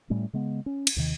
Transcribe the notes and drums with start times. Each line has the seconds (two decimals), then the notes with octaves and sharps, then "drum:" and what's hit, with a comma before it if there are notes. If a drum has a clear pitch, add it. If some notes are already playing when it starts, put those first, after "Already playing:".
0.10 A2 G3 A3 C#4
0.33 C#3 G#3 B3
0.66 C#4
0.87 drum: cymbal
0.96 D#2 C3 D#3